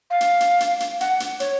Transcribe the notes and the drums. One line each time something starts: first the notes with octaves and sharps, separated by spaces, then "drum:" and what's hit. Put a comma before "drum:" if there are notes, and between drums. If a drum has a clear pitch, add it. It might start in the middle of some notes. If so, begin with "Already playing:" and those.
F5
drum: hi-hat
drum: hi-hat
drum: hi-hat
drum: hi-hat
F#5, drum: hi-hat
drum: hi-hat
C#5, drum: hi-hat